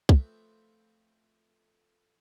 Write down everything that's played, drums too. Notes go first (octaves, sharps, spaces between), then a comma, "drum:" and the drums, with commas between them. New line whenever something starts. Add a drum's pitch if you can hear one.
F3 A3 C4 B4, drum: kick